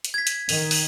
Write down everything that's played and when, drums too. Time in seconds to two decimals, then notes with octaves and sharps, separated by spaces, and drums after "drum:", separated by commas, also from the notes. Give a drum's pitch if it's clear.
0.05 drum: hi-hat
0.14 G#6 B6
0.27 drum: hi-hat
0.49 D#3 F7, drum: open hi-hat
0.71 drum: open hi-hat